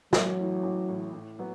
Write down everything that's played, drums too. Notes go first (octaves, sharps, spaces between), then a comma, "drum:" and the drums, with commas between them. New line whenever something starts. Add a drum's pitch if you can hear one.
A1 F#3, drum: snare
A2 E3
A1
A2 E3
A2
F#3 B3